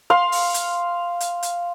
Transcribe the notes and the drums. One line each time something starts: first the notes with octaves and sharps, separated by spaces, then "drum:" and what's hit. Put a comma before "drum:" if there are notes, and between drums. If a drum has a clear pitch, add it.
F5 C6
drum: open hi-hat
drum: hi-hat
drum: hi-hat
drum: hi-hat